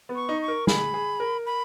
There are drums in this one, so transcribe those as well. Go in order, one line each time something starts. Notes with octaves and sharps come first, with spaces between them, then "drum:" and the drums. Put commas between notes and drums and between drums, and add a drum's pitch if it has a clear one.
B3
C#6
D#4
C#6
A#4
G#4 B5, drum: snare
G#4
A#4
B5